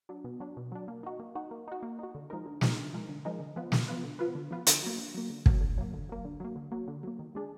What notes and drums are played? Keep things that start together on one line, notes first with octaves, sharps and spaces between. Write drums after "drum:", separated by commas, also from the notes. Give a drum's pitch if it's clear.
F#3 D4
B2
F#3 D4
B2
F#3 D4
A#3
D#4 F#4
A#3
D#4 F#4
A#3
D#4 F#4
A#3
D#4 F#4
D3
F3 G#3 D#4 A#4
D3
F3 G#3 D#4 A#4, drum: snare
D3
F3 G#3 D#4 A#4
D3
F3 G#3 D#4 A#4
D3
F3 B3 F4 B4
D3, drum: snare
F3 B3 F4 B4
D3
F3 B3 F4 B4
D3
F3 B3 F4 B4
D3, drum: hi-hat
F#3 A#3
D3
F#3 A#3
D3
F#3 A#3, drum: kick
D3
F#3 A#3
D3
F#3 A#3
D3
F#3 A#3
D3
F#3 A#3
D3
F#3 A#3
D#3
G#3 D4 G#4